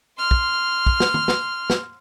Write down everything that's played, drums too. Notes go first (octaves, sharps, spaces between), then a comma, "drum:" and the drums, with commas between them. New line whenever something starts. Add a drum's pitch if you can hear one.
C6 F6
drum: kick
drum: kick
drum: snare
drum: tom
drum: snare
drum: snare